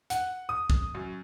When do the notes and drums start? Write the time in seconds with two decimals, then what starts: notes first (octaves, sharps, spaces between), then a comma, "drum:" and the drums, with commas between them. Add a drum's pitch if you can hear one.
0.10 F#5, drum: hi-hat
0.49 D#6
0.70 drum: kick
0.95 F#2